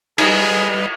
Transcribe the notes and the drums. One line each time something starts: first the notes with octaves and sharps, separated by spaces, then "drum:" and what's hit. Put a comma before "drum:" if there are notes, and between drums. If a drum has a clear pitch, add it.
G3 D#4 G#4 B4 D#5, drum: cymbal